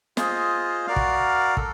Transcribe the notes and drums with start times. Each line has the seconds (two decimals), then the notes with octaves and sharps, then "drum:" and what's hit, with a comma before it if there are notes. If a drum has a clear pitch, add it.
0.17 F4 G#4 C5 D#5, drum: snare
0.87 F#4 A#4 D5 F5
0.96 drum: kick
1.57 A4, drum: kick